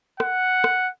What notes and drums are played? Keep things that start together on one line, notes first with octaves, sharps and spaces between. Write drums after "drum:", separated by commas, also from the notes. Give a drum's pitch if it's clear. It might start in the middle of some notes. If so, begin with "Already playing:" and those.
F#5, drum: rim click
drum: rim click